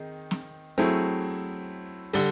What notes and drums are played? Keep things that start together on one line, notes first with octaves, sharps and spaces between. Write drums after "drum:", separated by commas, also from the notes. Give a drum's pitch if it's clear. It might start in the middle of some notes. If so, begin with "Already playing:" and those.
Already playing: D#3 C4 D#4 G#4
drum: snare
F#3 A3 C4 E4 G#4
D3 G3, drum: open hi-hat